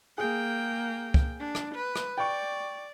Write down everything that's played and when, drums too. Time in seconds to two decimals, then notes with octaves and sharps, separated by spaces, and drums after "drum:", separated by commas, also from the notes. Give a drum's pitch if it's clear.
0.18 A#3 G#4 G5
1.14 drum: kick
1.40 D4
1.55 drum: rim click
1.75 B4
1.96 drum: rim click
2.17 D5 G5 C#6